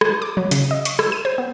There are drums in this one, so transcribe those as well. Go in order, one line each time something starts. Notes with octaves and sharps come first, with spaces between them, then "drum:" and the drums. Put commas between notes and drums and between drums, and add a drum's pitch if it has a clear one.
drum: rim click
D6
F#3
C#3, drum: hi-hat
D#5
C#6, drum: hi-hat
E6, drum: rim click
D#7
C5
B3